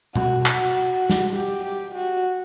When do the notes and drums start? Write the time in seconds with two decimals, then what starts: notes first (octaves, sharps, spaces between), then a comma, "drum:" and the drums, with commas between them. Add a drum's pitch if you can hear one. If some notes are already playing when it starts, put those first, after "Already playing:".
0.15 F#4, drum: tom B2
0.46 F#4, drum: clap
1.10 drum: snare
1.34 G4
1.64 G4
1.94 F#4